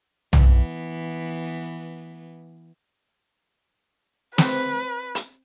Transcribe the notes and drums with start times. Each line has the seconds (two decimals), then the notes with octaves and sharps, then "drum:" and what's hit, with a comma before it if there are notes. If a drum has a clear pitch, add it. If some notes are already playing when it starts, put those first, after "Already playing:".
0.33 E3 B3, drum: tom B1
4.38 C4 B4 C5, drum: snare
5.15 drum: hi-hat